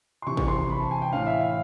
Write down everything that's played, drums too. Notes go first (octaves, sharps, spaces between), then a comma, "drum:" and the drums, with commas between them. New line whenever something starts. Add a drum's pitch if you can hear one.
C6
C3 E3 C#6
C#6, drum: kick G#1
C6
C6
B5
A5
G#5
G5
A2 E3 F5
E5
F5